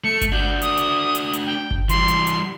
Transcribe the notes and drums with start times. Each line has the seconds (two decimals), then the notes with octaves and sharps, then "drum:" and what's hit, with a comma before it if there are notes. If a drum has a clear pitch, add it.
0.04 A3 C#7
0.21 drum: kick G1, hi-hat
0.32 D4 F#4 G6
0.62 D#6, drum: hi-hat
0.77 drum: hi-hat
1.15 drum: hi-hat
1.33 drum: hi-hat
1.46 G5
1.71 drum: kick G1
1.89 E3 G3 C6, drum: hi-hat
2.08 drum: hi-hat
2.27 drum: hi-hat